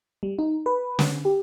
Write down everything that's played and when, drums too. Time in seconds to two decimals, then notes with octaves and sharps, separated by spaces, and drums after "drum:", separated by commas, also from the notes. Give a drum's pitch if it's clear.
0.23 G3
0.39 D#4
0.66 B4
0.99 D3, drum: snare
1.25 G4